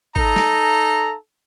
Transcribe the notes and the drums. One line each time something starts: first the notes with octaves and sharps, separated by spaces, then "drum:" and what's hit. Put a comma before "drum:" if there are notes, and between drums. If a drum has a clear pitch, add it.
D#4 A4 A#5, drum: kick G#1
drum: snare